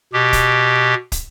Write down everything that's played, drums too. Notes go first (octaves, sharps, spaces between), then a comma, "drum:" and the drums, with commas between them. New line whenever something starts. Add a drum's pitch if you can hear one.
B2 G4
drum: kick, hi-hat
drum: kick, hi-hat